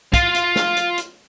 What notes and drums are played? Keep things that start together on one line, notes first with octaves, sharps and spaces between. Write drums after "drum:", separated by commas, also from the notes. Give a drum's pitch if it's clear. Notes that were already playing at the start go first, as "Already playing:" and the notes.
F4 F5, drum: kick, hi-hat
drum: hi-hat
drum: snare
drum: hi-hat
drum: hi-hat